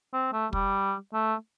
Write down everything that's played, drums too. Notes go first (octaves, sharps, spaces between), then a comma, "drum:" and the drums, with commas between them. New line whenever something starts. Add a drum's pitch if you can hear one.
C4
A3
G3, drum: kick
A3